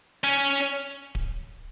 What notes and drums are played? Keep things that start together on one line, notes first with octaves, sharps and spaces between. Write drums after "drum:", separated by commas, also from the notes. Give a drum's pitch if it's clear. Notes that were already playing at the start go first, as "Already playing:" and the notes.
C#4
drum: kick D1